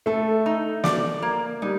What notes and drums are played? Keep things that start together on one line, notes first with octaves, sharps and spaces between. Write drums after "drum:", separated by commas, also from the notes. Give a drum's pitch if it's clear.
A3 A4
D#4
D5, drum: snare
A#3
G3 D#4